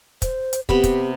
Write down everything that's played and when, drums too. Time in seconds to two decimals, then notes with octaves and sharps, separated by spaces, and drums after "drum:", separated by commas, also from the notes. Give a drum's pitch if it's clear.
0.22 C5, drum: kick, hi-hat
0.53 drum: hi-hat
0.69 C3 B3 G4 B5, drum: kick
0.84 drum: kick, hi-hat